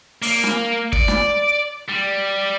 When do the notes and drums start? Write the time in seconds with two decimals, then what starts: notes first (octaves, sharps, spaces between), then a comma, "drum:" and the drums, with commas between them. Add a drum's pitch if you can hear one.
0.22 A#3, drum: open hi-hat
0.43 drum: snare
0.93 D5, drum: kick
1.08 drum: snare
1.89 G3